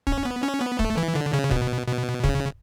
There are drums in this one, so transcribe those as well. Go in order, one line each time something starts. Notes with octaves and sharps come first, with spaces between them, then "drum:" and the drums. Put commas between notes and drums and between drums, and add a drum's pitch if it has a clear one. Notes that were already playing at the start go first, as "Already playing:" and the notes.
C#4, drum: kick
B3
C#4
B3
A3, drum: kick
E3
D3
C#3
B2, drum: kick
B2
C#3, drum: kick